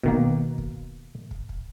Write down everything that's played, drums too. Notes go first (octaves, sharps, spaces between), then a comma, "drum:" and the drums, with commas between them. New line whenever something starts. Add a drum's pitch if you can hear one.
B2 D#3 A#3, drum: kick
drum: kick
drum: kick
drum: kick